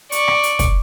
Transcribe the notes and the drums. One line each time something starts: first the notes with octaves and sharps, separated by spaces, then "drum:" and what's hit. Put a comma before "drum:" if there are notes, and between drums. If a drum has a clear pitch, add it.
D5 C#6, drum: hi-hat
drum: rim click
drum: hi-hat
drum: kick, hi-hat